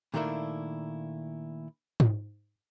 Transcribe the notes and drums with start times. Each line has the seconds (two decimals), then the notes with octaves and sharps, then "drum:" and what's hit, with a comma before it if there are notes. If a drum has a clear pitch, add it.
0.14 A#2 D#3 A3 A#3 D4 E4
2.00 drum: tom G#2